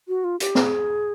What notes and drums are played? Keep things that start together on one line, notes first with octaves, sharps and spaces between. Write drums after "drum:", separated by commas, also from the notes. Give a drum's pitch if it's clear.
F#4
F4
G4, drum: hi-hat
G#4, drum: snare